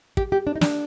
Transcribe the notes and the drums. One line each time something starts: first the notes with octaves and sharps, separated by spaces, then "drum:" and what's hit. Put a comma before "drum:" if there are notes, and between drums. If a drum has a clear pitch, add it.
G4, drum: kick
G4
D4
D#4
D4, drum: snare